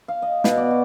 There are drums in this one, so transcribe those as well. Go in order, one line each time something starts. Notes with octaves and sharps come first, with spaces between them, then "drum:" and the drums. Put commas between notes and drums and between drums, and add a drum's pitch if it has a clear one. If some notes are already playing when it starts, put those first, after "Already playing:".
F5
D#5
B2, drum: snare
D5
F#4